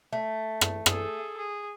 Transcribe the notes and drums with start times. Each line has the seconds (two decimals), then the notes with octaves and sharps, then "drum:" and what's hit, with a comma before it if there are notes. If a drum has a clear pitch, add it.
0.13 A3
0.61 drum: rim click
0.86 G#4 A4, drum: rim click
1.37 G#4